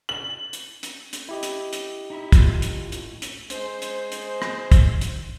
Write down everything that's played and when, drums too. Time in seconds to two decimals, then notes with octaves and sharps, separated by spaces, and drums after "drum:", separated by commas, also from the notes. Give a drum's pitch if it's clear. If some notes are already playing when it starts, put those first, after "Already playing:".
0.09 F#7
0.53 drum: hi-hat
0.83 drum: hi-hat
1.13 drum: hi-hat
1.29 E4 G4 D#5
1.43 drum: hi-hat
1.73 drum: hi-hat
2.10 D#4 E5 B5
2.32 A2 F4, drum: kick, hi-hat
2.62 drum: hi-hat
2.92 drum: hi-hat
3.22 drum: hi-hat
3.50 G#3 C5, drum: hi-hat
3.82 drum: hi-hat
4.12 drum: hi-hat
4.42 drum: rim click
4.72 drum: kick, hi-hat
5.01 drum: hi-hat